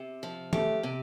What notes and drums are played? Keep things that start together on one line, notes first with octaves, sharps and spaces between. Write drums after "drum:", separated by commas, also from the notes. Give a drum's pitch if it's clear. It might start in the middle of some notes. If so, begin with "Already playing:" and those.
Already playing: C3
F3
A3 G4, drum: tom D#3
C3